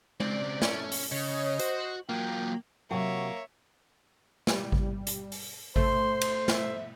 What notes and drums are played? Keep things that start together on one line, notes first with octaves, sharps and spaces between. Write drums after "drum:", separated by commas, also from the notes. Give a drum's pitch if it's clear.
C#3 C4 D5, drum: tom G#3
A3 C#4, drum: snare
drum: open hi-hat
C#3 C#5 D#5
F#4 C5, drum: hi-hat
F#3 A#3 F4 G5
C3 F#3 A#3 F#4 C#5 E5
G3, drum: snare
drum: kick G#1
drum: hi-hat
drum: open hi-hat
A3 C5 C6, drum: kick G#1
drum: cymbal
E5, drum: snare